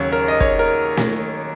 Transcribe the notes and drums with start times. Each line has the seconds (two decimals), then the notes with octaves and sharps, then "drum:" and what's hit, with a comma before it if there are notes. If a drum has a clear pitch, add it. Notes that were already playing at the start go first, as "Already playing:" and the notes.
Already playing: D#2 C#3 F#3 C#4 C#5
0.12 A#4
0.28 D#5
0.40 C#5, drum: kick
0.59 A#4
0.97 drum: snare